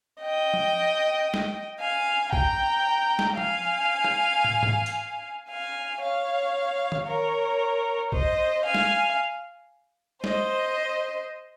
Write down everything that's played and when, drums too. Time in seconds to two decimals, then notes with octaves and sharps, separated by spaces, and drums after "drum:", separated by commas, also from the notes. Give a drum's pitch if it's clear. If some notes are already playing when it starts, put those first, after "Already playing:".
0.22 D#5 G5
0.54 drum: tom F3
1.34 drum: snare G#3
1.80 F5 G#5
2.33 G5 A#5, drum: kick A#1
3.19 drum: snare G#3
3.38 F5 G#5, drum: tom F3
4.04 drum: rim click
4.44 drum: tom
4.63 drum: tom G#2
4.86 drum: hi-hat
5.49 F5 G#5
6.01 C#5 F5
6.92 drum: tom D#3
7.07 A#4 C#5
8.12 C5 D#5, drum: kick A#1
8.65 F5 G#5
8.74 drum: snare G#3
10.24 C5 D#5, drum: snare G#3